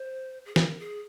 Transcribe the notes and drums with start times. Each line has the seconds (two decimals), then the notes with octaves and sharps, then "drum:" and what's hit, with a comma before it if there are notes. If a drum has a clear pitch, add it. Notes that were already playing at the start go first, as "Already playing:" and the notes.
Already playing: C5
0.46 G#4
0.56 A#4, drum: snare
0.79 G#4